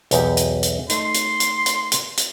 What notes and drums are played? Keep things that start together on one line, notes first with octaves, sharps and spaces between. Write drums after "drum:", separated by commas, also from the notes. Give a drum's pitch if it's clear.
B1 E2 G4, drum: hi-hat
drum: hi-hat
drum: hi-hat
A3 D#4 C6, drum: hi-hat
drum: hi-hat
drum: hi-hat
drum: hi-hat
drum: hi-hat
drum: hi-hat